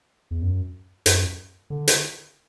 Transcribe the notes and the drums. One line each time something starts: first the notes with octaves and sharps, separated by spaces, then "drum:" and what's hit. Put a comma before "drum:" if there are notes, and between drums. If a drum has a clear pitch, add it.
E2
F#2
F#2, drum: hi-hat
D3
drum: hi-hat